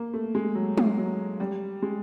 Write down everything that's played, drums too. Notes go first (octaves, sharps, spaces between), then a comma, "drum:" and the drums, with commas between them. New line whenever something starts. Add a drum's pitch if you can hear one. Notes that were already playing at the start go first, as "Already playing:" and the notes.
Already playing: A#3
A3
G#3
F#3
drum: tom G#3
F#3
G3
G#3